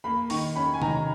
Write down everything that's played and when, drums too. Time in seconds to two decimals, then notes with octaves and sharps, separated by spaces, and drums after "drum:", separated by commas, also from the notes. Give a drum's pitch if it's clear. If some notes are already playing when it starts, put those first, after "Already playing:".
0.04 A#3 B5
0.30 D#3 C#6, drum: open hi-hat
0.55 C#4 B5
0.74 G#5
0.82 D#3 A#5, drum: tom C3